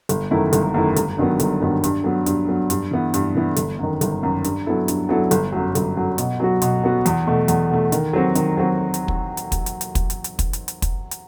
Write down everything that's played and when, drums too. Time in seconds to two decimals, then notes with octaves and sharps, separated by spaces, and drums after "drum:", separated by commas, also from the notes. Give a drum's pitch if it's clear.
0.09 G1, drum: hi-hat
0.31 F#2 D#3 A3 E4
0.53 G1, drum: hi-hat
0.74 F#2 D#3 A3 E4
0.96 G1, drum: hi-hat
1.18 G2 D#3 F#3 B3
1.40 G1, drum: hi-hat
1.61 G2 D#3 F#3 B3
1.84 G2, drum: hi-hat
2.04 F#3 B3
2.26 G2, drum: hi-hat
2.49 F#3 B3
2.70 G2, drum: hi-hat
2.91 E3 B3 E4
3.14 G2, drum: hi-hat
3.35 E3 B3 E4
3.56 G1, drum: hi-hat
3.79 F#2 D#3
4.01 G1, drum: hi-hat
4.23 F#2 D#3
4.44 G2, drum: hi-hat
4.66 F#3 B3 E4 A4
4.88 G2, drum: hi-hat
5.09 F#3 B3 E4 A4
5.31 G1, drum: hi-hat
5.52 F#2 F#3
5.75 G1, drum: hi-hat
5.97 F#2 F#3
6.18 B2, drum: hi-hat
6.40 F#3 B3 F#4
6.62 B2, drum: hi-hat
6.83 F#3 B3 F#4
7.06 E2, drum: hi-hat
7.27 B2 A3
7.48 E2, drum: hi-hat
7.71 B2 A3
7.92 D#3, drum: hi-hat
8.13 F#3 C4 F#4
8.35 D#3, drum: hi-hat
8.57 F#3 C4 F#4
8.94 drum: hi-hat
9.08 drum: kick
9.37 drum: hi-hat
9.52 drum: kick, hi-hat
9.66 drum: hi-hat
9.81 drum: hi-hat
9.95 drum: kick, hi-hat
10.10 drum: hi-hat
10.24 drum: hi-hat
10.39 drum: kick, hi-hat
10.53 drum: hi-hat
10.68 drum: hi-hat
10.82 drum: kick, hi-hat
11.11 drum: hi-hat